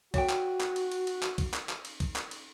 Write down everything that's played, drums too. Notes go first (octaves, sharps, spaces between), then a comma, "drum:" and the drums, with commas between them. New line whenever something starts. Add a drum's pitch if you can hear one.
F#4 C#5 E5 G5 D6, drum: kick, cymbal
drum: clap
drum: clap
drum: cymbal
drum: cymbal
drum: cymbal
drum: clap
drum: kick, cymbal
drum: clap
drum: clap
drum: cymbal
drum: kick, cymbal
drum: clap
drum: cymbal